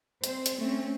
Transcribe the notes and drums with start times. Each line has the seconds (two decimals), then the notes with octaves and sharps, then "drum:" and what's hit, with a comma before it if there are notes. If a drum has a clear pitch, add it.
0.24 C4 C5, drum: hi-hat
0.46 drum: hi-hat
0.59 A3 C4 C#4